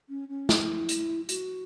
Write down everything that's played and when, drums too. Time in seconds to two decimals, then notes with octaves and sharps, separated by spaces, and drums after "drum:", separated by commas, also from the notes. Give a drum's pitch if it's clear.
0.09 C#4
0.29 C#4
0.49 E4, drum: snare
0.89 drum: hi-hat
1.29 F#4, drum: hi-hat